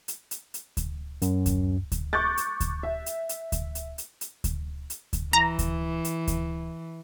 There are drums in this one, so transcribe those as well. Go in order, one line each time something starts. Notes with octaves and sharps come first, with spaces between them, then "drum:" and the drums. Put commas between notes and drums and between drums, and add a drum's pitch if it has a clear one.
drum: hi-hat
drum: hi-hat
drum: hi-hat
drum: kick D2, hi-hat
F#2, drum: hi-hat
drum: kick D2, hi-hat
drum: kick D2, hi-hat
C#6 D6 F#6 G6 A6
drum: hi-hat
drum: kick D2, hi-hat
E5
drum: hi-hat
drum: hi-hat
drum: kick D2, hi-hat
drum: hi-hat
drum: hi-hat
drum: hi-hat
drum: kick D2, hi-hat
drum: hi-hat
drum: kick D2, hi-hat
E3 A#5
drum: kick D2, hi-hat
drum: hi-hat
drum: kick D2, hi-hat